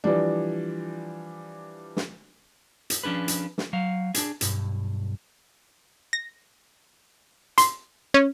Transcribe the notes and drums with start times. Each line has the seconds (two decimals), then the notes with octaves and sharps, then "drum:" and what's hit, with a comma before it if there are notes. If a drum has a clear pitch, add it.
0.04 E3 F3 G3 D4
1.97 drum: snare
2.90 drum: hi-hat
3.03 F3 C#4 D4 G#4 B4
3.28 drum: hi-hat
3.58 drum: snare
3.73 F#3 F5
4.14 D4 G#4, drum: hi-hat
4.41 B1 G2, drum: hi-hat
6.13 A#6
7.58 C6, drum: hi-hat
8.14 C#4